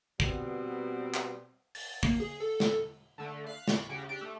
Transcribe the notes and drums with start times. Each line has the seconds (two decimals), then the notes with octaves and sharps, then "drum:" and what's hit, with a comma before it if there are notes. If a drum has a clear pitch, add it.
0.20 B2 G3 B3 C4, drum: kick
1.14 drum: clap
1.75 A6, drum: open hi-hat
2.03 A#3, drum: kick
2.20 G#4
2.40 A4
2.60 drum: snare
3.18 D3 A3
3.46 F5 F#6 B6 C7
3.68 B5 C#6 D6, drum: snare
3.89 C#3 F#4 G4
4.09 D4 G4
4.21 A3